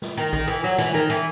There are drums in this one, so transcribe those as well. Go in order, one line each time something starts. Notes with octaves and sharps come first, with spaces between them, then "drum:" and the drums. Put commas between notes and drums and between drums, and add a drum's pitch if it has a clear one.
drum: snare
D#3
D#3, drum: kick A#1
E3
F#3
E3, drum: snare
D#3
E3